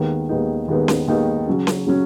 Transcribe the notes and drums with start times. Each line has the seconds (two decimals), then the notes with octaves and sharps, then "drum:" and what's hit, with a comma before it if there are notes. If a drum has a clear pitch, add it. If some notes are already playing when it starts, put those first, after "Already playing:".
Already playing: D#2 D#3 G#3 B3 D#4
0.29 D#2 D#3 G#3 B3 D#4
0.68 D#2 D#3 G#3 B3 D#4
0.88 drum: snare C#4
1.08 D#2 D#3 G#3 B3 D#4
1.48 C#3 F#3 C#4
1.67 drum: snare C#4
1.87 C#3 F#3 C#4